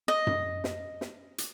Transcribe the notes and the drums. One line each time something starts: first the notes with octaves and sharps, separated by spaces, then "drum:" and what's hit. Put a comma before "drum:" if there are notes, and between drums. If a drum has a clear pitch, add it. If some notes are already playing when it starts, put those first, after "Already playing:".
D#5
drum: tom F#2
drum: snare
drum: snare
drum: hi-hat